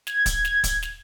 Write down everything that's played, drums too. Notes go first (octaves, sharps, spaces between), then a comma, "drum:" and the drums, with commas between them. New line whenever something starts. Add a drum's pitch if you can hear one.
G#6, drum: snare
drum: kick, hi-hat
drum: snare
drum: kick, hi-hat
drum: snare